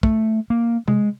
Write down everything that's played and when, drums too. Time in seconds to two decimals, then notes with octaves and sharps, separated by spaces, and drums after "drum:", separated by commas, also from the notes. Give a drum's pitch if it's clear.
0.03 A3, drum: kick
0.50 A#3
0.88 G#3, drum: tom C3